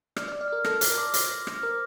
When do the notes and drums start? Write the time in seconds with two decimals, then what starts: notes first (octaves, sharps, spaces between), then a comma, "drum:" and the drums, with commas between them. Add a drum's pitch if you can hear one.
0.16 D5 F6, drum: rim click
0.28 D5
0.32 F6
0.41 D5
0.48 A#4 F6
0.64 A4 A#6, drum: rim click
0.81 D6, drum: hi-hat
0.90 A#4
0.98 D6
1.14 C5 A#6, drum: hi-hat
1.29 A#6
1.47 F6, drum: rim click
1.62 A#4 D6